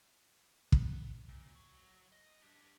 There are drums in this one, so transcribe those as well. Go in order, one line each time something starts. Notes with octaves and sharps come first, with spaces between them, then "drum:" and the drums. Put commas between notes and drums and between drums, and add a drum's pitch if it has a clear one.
B3, drum: kick
A#2
F#3
D#5
D4 G4